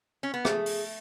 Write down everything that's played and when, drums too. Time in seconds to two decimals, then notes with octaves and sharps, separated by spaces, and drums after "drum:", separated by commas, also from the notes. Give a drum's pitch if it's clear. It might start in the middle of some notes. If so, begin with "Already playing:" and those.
0.23 C#4
0.34 B3
0.45 A3 G#4, drum: rim click
0.66 drum: open hi-hat